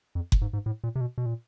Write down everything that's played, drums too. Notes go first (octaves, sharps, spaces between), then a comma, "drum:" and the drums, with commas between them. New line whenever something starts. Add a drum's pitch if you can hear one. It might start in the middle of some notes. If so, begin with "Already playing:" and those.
F2
drum: kick F#1
G#2
G#2
A2
A#2
C3
B2
B2
A#2